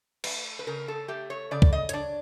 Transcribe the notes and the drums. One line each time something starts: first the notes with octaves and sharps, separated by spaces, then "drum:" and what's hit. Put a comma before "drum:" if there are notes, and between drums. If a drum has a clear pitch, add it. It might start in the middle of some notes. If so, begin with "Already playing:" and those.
A3 B4, drum: cymbal
B4
C#3 A#4
A4
A3 G4
C#5
C#3 D5
drum: kick
D#5
C#5, drum: hi-hat
D4 D5